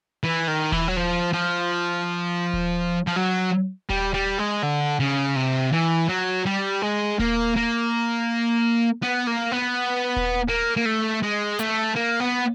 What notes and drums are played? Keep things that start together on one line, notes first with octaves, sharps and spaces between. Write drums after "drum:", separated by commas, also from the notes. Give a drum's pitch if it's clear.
E3
D#3
E3, drum: kick D#1
F#3
F3
F3
drum: kick D#1
F3
F#3
G3, drum: kick D#1
G3
G#3
D3
C#3
C3
E3
F#3
G3
G#3
A#3, drum: kick D#1
A#3
B3
A#3
B3
drum: kick D#1
A#3
A#3
A3
G#3
A3, drum: hi-hat
A#3
B3